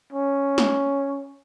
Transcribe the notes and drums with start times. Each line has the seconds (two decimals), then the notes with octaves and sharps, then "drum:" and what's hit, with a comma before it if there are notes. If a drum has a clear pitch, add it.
0.13 C#4
0.58 drum: snare